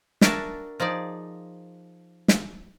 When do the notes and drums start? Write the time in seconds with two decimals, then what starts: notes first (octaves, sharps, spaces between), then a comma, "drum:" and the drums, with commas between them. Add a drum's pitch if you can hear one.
0.21 D4 F#4 A#4 E5 G#5 A5, drum: snare
0.80 F3 D#4 G#4 D5
2.28 drum: snare